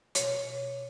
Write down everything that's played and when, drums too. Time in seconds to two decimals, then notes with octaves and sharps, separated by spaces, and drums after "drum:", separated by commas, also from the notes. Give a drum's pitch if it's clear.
0.15 B2 C#5, drum: hi-hat